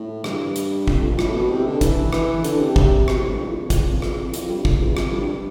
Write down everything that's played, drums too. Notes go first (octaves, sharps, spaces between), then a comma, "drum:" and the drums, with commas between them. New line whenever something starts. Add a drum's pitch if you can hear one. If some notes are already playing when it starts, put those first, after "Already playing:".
Already playing: A2
G2, drum: rim click
drum: hi-hat
F2, drum: kick
F2
A2, drum: rim click
B2
C3
D3
E3, drum: kick, hi-hat
E3, drum: rim click
D3, drum: hi-hat
C3
C3, drum: kick
B2, drum: rim click
A2
G2
F2
E2
F2
E2, drum: kick, hi-hat
F2
E2, drum: rim click
F2
F2, drum: hi-hat
G2
F2, drum: kick
E2
F2, drum: rim click
G2